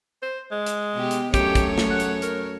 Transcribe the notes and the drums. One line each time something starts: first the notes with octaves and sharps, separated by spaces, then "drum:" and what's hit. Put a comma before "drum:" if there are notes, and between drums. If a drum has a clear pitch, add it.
C5
G#3
drum: hi-hat
B2 G4
drum: hi-hat
F#2 A3 G4 C#5, drum: kick, hi-hat
drum: kick, hi-hat
drum: snare
F#5
drum: hi-hat
A#4, drum: hi-hat